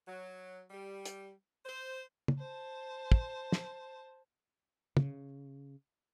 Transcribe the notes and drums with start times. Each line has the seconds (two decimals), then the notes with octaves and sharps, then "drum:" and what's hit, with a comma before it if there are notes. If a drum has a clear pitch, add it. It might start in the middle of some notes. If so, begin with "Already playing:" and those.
0.06 F#3
0.70 G3
1.05 drum: hi-hat
1.65 C5
2.28 drum: tom
2.39 C5 A5
3.12 drum: kick
3.52 drum: snare
4.97 C#3, drum: tom